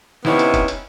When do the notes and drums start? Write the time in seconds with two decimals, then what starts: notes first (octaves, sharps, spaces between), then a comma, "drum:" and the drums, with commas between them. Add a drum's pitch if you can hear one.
0.25 C3 B3 C#4 D#4 E4, drum: snare
0.39 drum: hi-hat
0.54 drum: kick F1, hi-hat
0.68 drum: hi-hat